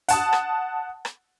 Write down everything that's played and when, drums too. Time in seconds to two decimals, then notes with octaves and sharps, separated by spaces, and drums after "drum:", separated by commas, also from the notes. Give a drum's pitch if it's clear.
0.08 F#5 A5 D#6, drum: hi-hat
0.33 drum: rim click
1.05 drum: rim click